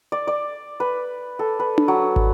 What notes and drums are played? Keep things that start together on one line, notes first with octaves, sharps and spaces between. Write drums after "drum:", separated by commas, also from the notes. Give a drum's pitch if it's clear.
D5
D5
B4
A4
B4
drum: tom D4
F#3
drum: kick